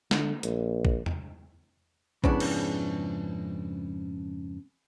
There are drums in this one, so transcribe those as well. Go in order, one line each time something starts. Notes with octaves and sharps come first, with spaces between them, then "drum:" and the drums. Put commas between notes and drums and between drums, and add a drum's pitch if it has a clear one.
D3, drum: snare
A#1, drum: hi-hat
drum: kick
drum: tom E2
F2 G#2 C#3 B3 D4 E4, drum: kick
drum: cymbal